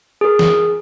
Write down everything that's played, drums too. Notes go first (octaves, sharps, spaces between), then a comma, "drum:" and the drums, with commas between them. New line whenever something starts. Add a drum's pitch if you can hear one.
G#4 A#4
drum: snare